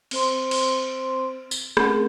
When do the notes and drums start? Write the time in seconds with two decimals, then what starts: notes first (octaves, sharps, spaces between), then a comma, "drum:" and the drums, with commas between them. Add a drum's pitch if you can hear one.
0.11 C4 C5 C6, drum: cymbal
0.51 drum: cymbal
1.51 drum: tambourine
1.77 A3 C4 C#4 G#4 A#4 F#5, drum: rim click